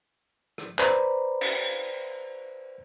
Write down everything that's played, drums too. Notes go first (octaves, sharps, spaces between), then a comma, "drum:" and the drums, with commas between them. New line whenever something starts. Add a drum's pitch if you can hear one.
drum: rim click
B4 C5 D5 A#5 B5, drum: clap
drum: cymbal